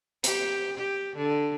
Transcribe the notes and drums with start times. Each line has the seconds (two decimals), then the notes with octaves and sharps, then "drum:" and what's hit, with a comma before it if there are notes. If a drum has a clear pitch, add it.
0.24 G4, drum: hi-hat
0.77 G4
1.16 D3